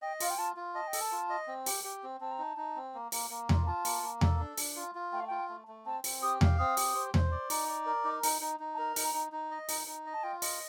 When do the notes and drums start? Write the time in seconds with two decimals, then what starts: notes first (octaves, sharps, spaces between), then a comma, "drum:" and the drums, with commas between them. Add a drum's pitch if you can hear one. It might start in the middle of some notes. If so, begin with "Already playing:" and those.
0.02 D#5 G5
0.20 F4 F5, drum: open hi-hat
0.30 G5
0.38 F4 A5
0.56 F4
0.75 D#5 A5
0.88 G5
0.93 A4, drum: open hi-hat
1.01 A5
1.12 F4
1.30 D#5
1.48 C4
1.66 G4, drum: open hi-hat
1.84 G4
2.03 C4
2.21 C4 A5
2.32 A#5
2.39 D#4 A5
2.57 D#4
2.76 C4
2.94 A#3
3.12 A#3, drum: open hi-hat
3.30 A#3
3.49 F4, drum: tom E2
3.66 F4 A5
3.85 A#3, drum: open hi-hat
4.03 A#3
4.21 A4, drum: tom E2
4.40 D4
4.58 D4, drum: open hi-hat
4.76 F4
4.95 F4
5.12 A3 G5
5.20 F5
5.27 F4 G5
5.49 A3
5.68 A3
5.86 C4 A5
6.04 C4, drum: open hi-hat
6.22 G4 D#6
6.41 F5, drum: tom E2
6.59 C4 D#6
6.77 G4, drum: open hi-hat
6.96 C5
7.14 C5, drum: tom E2
7.31 D5
7.50 D#4, drum: open hi-hat
7.68 D5
7.86 A#4
8.04 D#4 D6
8.23 D#4, drum: open hi-hat
8.41 D#4
8.59 D#4
8.74 A5
8.78 A#4 A#5
8.96 D#4, drum: open hi-hat
9.14 D#4
9.32 D#4
9.51 D#5
9.69 D#4, drum: open hi-hat
9.87 D#4
10.06 D#5
10.13 A5
10.24 F4 G5
10.42 D#5, drum: open hi-hat